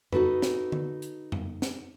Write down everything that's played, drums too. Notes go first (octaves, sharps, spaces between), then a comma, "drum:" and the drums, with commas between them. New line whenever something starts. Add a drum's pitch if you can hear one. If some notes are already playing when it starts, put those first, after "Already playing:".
D#4 F#4 A4 B4, drum: tom F2
drum: snare
drum: tom D3
drum: hi-hat
drum: tom F2
drum: snare